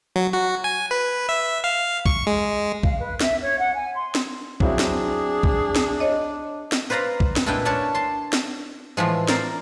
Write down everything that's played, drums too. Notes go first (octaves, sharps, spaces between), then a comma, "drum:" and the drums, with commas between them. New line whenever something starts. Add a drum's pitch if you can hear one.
F#3
F#4
G#5
B4
E5
F5
C#6, drum: kick
G#3
F5, drum: kick
B4
E5, drum: snare
C#5
F#5
G#5
C6
drum: snare
F#3 C4 D4 E4 G#4, drum: kick
drum: snare
drum: kick
drum: snare
C#5 D#5
drum: snare
B4 C5 D5 F5 A#5
drum: kick
drum: snare
A#2 G#3 D4 E4 B4 G5
C#4 D4 C#5 D5 A5
A5 C6
drum: snare
A2 E3 F3 G#3
A#4 C5 D5 A#5, drum: snare